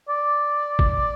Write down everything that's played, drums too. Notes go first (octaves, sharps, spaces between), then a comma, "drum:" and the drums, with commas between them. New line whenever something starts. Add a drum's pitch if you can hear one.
D5
drum: kick